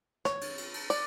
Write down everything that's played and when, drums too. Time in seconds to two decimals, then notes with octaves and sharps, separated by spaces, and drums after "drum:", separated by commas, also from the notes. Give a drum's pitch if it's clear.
0.25 C#5, drum: snare
0.41 drum: cymbal
0.57 drum: cymbal
0.74 drum: cymbal
0.90 D5, drum: cymbal